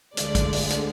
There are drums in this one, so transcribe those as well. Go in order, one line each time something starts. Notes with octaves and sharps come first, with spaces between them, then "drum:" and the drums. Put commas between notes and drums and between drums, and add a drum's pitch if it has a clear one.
D2 D3 G#3 D5, drum: hi-hat
drum: kick, hi-hat
drum: open hi-hat
drum: hi-hat